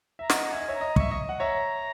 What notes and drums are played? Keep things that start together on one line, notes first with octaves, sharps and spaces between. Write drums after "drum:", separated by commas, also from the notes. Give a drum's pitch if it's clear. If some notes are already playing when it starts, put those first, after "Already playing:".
E5 A#5
D#5 F#5, drum: snare
A#5
E5 G#5
D#5
C#5 E5
A#5
D#5
E5 C#6, drum: kick
D#5
F#5
C#5 E5 A#5